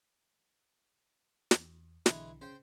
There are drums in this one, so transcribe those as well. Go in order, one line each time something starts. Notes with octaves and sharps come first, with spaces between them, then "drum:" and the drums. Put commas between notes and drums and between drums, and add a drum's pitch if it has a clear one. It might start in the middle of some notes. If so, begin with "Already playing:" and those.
E2, drum: snare
B1 D3 E3 G#3, drum: snare
C#3 C5 G5